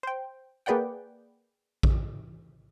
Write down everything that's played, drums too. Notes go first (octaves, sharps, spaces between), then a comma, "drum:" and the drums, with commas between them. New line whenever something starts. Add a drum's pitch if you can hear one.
C5 G5
A#3 G#4 B4 D5 F#5 G5
drum: kick A#1